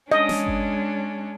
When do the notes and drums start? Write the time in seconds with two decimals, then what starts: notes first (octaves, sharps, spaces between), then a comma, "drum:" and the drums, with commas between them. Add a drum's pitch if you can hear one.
0.12 G#3 C#4 D4 D#5
0.29 drum: snare
0.47 drum: kick G1